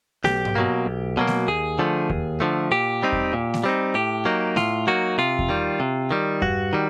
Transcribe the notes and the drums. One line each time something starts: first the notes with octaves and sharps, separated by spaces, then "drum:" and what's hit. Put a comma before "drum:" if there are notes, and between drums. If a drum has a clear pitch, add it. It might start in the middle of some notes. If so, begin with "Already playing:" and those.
B1 G4, drum: snare A3
drum: tom G#2
B2 F#3 A#3
B1
B2 F#3 A#3
drum: snare A3
D#2 G#4
D3 F3 A3
D#2, drum: kick E2
D3 F3 A3
A#2 G4
G3 C4 D#4
drum: kick E2
A#2
drum: snare A3
G3 C4 D#4
A2 G4
F#3 A#3 D#4
A2 F4, drum: snare A3
F#3 A#3 D#4 F#4
C3 F4
drum: kick E2
D#3 G3
C3
D#3 G3
G2 F#4, drum: kick E2
D#3 G3